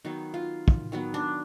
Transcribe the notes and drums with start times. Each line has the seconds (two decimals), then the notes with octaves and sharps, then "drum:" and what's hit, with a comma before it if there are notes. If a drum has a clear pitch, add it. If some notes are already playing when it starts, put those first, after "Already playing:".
0.05 D#3 F#3 B3 D#4
0.34 F4
0.68 drum: kick
0.92 D#3 F#3 B3
1.14 D4